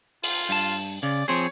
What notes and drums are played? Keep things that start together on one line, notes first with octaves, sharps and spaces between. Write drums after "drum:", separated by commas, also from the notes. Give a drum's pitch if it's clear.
F4, drum: open hi-hat
G2 A5
C#3 D5
F3 C4 G#4 C#5